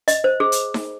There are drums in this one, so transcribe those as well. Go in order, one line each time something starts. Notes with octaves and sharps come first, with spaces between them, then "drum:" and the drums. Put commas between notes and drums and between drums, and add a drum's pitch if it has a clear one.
D#5, drum: hi-hat
C5
G#4
drum: hi-hat
drum: snare D#4